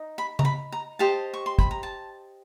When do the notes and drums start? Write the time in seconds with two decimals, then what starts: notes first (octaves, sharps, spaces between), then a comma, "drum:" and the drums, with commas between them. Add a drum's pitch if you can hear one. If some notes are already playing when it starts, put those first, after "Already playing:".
Already playing: D#4 D#5
0.18 B5
0.39 A#5, drum: tom C#3
0.45 B5
0.72 A#5
0.99 G4 C5 D#5 A5
1.34 C#6
1.46 C6
1.59 B5, drum: kick
1.71 A#5
1.83 A5